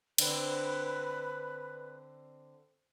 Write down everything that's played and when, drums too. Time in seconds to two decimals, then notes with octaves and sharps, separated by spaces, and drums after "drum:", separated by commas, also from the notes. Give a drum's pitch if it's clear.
0.18 D3 C4 B4, drum: cymbal